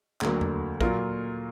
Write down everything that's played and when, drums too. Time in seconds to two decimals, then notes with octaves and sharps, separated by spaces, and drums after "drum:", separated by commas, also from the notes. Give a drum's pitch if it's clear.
0.21 D2 D3 F#3 A#3, drum: clap
0.41 drum: tom E2
0.81 A#2 F#3 A#3 F4 A#4, drum: kick